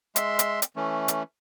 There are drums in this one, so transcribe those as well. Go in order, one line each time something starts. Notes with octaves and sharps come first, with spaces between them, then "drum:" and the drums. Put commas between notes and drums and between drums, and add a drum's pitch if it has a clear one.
G#3 E5 C6, drum: hi-hat
drum: hi-hat
drum: hi-hat
E3 A3 C#4
drum: hi-hat